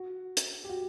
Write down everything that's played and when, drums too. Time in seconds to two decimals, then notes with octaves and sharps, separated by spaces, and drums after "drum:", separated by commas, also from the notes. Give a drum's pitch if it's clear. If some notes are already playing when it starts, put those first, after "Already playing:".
Already playing: F#4
0.37 drum: hi-hat
0.64 G4
0.69 F#4